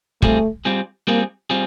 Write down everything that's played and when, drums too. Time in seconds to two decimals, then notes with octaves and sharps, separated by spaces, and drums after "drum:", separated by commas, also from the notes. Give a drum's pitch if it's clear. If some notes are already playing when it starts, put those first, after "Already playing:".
0.22 G3 A3 C4 F4 G#4, drum: kick
0.65 G3 C4 F4 G#4
1.07 G3 A#3 C4 F4 G#4
1.50 G3 C4 F4 G#4